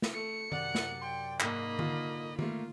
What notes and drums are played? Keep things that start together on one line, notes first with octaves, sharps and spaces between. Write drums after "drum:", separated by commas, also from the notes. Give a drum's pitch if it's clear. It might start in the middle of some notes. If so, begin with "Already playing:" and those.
drum: snare
A3 C#7
F#2 C3 D5 F#5, drum: tom D#3
drum: snare
G5 C6
G#2 A#3 D#5 B5, drum: clap
D3 F4, drum: tom D#3
A3 A#3 F4, drum: tom D#3